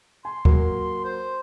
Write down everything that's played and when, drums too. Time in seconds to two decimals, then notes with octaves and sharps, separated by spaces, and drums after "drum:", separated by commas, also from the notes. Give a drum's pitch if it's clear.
0.25 G#5 C6
0.45 F#3 A#3, drum: kick D2
1.04 C5